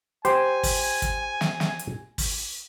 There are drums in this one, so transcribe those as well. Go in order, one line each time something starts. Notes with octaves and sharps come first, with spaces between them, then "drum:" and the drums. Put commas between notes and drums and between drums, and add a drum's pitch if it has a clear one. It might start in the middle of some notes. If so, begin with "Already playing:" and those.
G4 C5 G#5, drum: hi-hat
drum: kick, open hi-hat
drum: kick, hi-hat
drum: snare
drum: snare
drum: hi-hat
drum: kick, open hi-hat